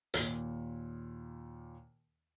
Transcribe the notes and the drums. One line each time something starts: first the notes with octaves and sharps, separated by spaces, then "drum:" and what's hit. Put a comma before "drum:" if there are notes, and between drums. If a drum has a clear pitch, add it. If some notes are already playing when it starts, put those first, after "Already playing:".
D#2 A#2, drum: hi-hat